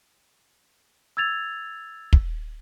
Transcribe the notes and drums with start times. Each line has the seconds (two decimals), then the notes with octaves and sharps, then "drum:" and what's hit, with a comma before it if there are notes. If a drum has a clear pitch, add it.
1.17 E6 G#6 A6 F7
2.13 drum: kick